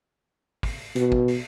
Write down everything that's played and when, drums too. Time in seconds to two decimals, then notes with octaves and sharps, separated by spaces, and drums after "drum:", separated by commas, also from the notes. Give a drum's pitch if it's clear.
0.63 drum: kick, open hi-hat
0.96 B2, drum: hi-hat
1.12 drum: kick
1.28 drum: open hi-hat